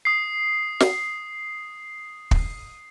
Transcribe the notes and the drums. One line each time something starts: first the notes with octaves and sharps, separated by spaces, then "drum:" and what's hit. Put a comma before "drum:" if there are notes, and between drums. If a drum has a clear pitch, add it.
D#6 C7
drum: snare
drum: kick